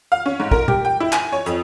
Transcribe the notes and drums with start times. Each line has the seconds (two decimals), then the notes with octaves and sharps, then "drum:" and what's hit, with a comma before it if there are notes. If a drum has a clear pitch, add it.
0.12 F5
0.26 C#4
0.40 G#2
0.51 A#4, drum: kick
0.68 G4, drum: tom
0.85 G5
1.00 E4
1.12 G#5, drum: clap
1.32 C#5
1.46 F2, drum: hi-hat